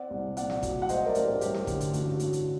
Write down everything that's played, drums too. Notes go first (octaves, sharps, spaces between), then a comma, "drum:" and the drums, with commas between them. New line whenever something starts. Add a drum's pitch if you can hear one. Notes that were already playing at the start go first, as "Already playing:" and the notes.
Already playing: C4 D5 F#5
C2
A#2 D5 F#5, drum: hi-hat
drum: snare
F#3, drum: kick, hi-hat
F#5
A3 C5 D#5, drum: hi-hat
A#4 D5
A1, drum: hi-hat
G4 A#4
G2 G4, drum: hi-hat
drum: snare
D3, drum: kick, hi-hat
drum: hi-hat
A1 F#4, drum: hi-hat
F#4
A1, drum: hi-hat
drum: hi-hat